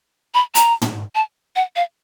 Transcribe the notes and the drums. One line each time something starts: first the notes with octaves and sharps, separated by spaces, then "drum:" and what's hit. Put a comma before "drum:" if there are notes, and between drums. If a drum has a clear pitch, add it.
B5
A#5, drum: hi-hat
drum: tom
A5
F#5
F5